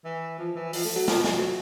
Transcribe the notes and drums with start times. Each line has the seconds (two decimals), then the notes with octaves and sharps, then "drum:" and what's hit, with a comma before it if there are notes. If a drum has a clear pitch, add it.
0.05 E3
0.39 F3
0.56 E3
0.73 F3, drum: open hi-hat
0.84 A3
0.96 F#3
1.08 F3, drum: snare
1.24 F#3, drum: snare